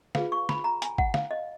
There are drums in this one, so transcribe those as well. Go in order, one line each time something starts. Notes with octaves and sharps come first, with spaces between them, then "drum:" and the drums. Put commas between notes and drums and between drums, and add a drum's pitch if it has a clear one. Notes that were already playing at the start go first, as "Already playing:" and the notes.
F4 G#4 B4 F5, drum: snare
C#6
B5, drum: snare
A#5
G#5, drum: hi-hat
F#5, drum: kick G#1
F5, drum: snare
D#5